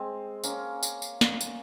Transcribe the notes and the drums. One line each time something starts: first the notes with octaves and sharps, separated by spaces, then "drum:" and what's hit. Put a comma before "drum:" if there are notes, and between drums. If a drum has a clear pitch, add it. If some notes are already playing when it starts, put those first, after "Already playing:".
Already playing: G#3 C4
A#3 C#4, drum: tambourine
drum: tambourine
drum: tambourine
drum: snare
drum: tambourine